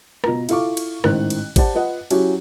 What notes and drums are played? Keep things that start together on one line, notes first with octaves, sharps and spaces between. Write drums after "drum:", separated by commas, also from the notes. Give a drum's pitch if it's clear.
B2 F4 A#5, drum: rim click
E4 F4 A4 F5 C#6 D6, drum: cymbal
drum: cymbal
A1 G#2 D#3 E4 C5 F#6, drum: rim click
drum: cymbal
G4 C5 D5 F#5 A5, drum: kick, cymbal
F4 B4 D#5 F#5
F#3 C#4 E4 F#4 G4, drum: cymbal